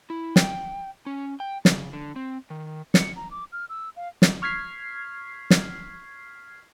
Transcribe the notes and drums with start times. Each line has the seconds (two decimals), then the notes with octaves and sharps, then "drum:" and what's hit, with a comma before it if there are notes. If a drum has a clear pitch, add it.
0.10 E4
0.36 G5, drum: snare
1.06 C#4
1.40 G5
1.65 C#3, drum: snare
1.93 D3
2.16 C4
2.50 D#3
2.94 C#7, drum: snare
3.16 A#5
3.31 D6
3.52 F6
3.69 E6
3.96 F5
4.22 drum: snare
4.42 C#6 F6 G#6 B6 C7
5.50 drum: snare